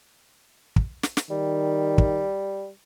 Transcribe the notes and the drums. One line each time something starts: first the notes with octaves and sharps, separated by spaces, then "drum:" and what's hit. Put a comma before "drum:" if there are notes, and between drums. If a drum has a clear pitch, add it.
drum: kick
drum: snare
drum: snare
D#3 G3
drum: kick